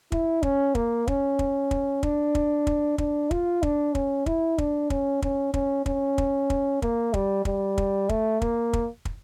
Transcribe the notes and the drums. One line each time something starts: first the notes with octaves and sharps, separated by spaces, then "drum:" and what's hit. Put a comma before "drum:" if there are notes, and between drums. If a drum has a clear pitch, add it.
E4, drum: kick
C#4, drum: kick
A#3, drum: kick
C#4, drum: kick
drum: kick
drum: kick
D4, drum: kick
drum: kick
drum: kick
D4, drum: kick
F4, drum: kick
D4, drum: kick
C#4, drum: kick
E4, drum: kick
D4, drum: kick
C#4, drum: kick
C#4, drum: kick
C#4, drum: kick
C#4, drum: kick
drum: kick
drum: kick
A#3, drum: kick
G3, drum: kick
G3, drum: kick
drum: kick
A3, drum: kick
A#3, drum: kick
drum: kick
drum: kick